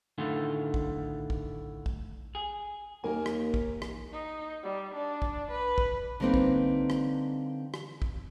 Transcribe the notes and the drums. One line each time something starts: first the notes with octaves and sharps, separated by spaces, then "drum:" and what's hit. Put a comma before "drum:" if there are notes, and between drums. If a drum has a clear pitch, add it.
F#2 A2 D3 D#3 A3 F4
drum: kick
drum: kick
drum: kick
G#4
D#2 A#3 A#4 G#5
drum: rim click
drum: kick
drum: rim click
D#4
G3
D4
drum: kick
B4
drum: kick
D3 G3 A#3 C4 D#4 B4
drum: kick
drum: rim click
drum: rim click
drum: kick